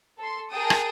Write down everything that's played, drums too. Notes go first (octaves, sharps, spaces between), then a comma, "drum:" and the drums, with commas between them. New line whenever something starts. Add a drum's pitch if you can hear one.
A4 C6
G#4 A#4 G5 A5 D#6
drum: rim click